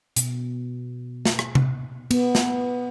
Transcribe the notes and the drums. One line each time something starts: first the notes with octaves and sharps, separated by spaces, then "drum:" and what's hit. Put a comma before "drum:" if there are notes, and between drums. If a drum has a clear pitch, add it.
B2, drum: hi-hat
drum: snare
drum: rim click
drum: tom C3
B3, drum: cymbal
drum: snare